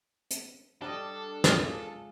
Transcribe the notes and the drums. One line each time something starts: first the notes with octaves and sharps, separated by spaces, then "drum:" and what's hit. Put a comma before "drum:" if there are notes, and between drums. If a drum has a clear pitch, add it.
drum: hi-hat
G3 D4 A4 D5 D#5
G#3 F4 A#4 D#6 F6, drum: snare